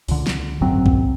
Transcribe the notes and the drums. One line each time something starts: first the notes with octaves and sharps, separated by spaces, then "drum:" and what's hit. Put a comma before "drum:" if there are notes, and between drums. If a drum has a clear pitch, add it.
C#2 D3, drum: open hi-hat
drum: snare
G#1 F#2 F#3 C4
drum: kick